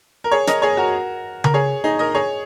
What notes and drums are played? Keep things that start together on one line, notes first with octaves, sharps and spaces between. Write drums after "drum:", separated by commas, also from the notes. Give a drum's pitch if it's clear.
A#4
G#4 C#5
A#4 D#5, drum: snare
G#4 C#5
F#4 A#4
A#4, drum: tom C#3
G#4 C#5
D#4 G#4
A#4 D#5
G#4 C#5